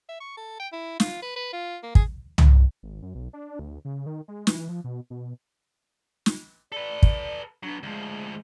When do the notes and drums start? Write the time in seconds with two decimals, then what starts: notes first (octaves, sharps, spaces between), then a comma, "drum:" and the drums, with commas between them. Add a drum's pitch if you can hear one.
0.09 E5
0.21 C#6
0.37 A4
0.60 G5
0.73 E4
1.00 F4, drum: snare
1.22 B4
1.36 B4
1.53 F4
1.83 A#3
1.95 G#4, drum: kick
2.38 drum: tom
2.83 G#1
3.02 F#2
3.15 B1
3.33 D4
3.59 D2
3.85 C#3
4.06 D#3
4.28 G#3
4.47 E3, drum: snare
4.69 F3
4.84 B2
5.10 B2
6.26 drum: snare
6.72 A4 B4 D5
7.03 drum: kick
7.63 F#3 B3 D4
7.83 D2 F3 G#3